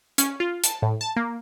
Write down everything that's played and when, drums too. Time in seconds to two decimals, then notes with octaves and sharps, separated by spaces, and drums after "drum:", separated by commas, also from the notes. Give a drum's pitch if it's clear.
0.18 C#4, drum: hi-hat
0.40 F4
0.64 A5, drum: hi-hat
0.82 A2
1.01 A5
1.16 A#3